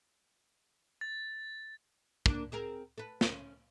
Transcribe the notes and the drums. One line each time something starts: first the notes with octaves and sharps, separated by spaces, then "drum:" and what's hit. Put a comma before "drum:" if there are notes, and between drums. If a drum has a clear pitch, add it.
A6
A#3 D4, drum: kick
C4 G#4 A#4
A4 B4
C#4 C5, drum: snare